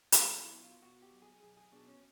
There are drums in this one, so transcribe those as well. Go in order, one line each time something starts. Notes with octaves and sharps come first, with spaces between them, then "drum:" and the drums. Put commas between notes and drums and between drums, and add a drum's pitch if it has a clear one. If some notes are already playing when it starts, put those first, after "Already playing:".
drum: hi-hat
B1 D4
E4
B2
F4
B2 F#4
G4
B1
G#4
B1 G#4
G#4
B2 D4
C#4